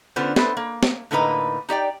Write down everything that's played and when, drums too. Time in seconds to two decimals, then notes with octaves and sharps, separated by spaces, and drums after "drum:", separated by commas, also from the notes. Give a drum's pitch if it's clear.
0.16 D3 B3 C#4 F4 C5
0.36 B3 A4 B4 C5 E5, drum: snare
0.57 A#3
0.83 drum: snare
1.11 A2 D3 A#3 D#4 B4 A#5
1.69 D#4 G4 D5 G5